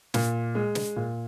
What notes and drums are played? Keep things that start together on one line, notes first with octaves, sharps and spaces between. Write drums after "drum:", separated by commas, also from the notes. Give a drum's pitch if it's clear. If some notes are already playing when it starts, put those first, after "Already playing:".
A#2, drum: snare
G#3
drum: snare
A#2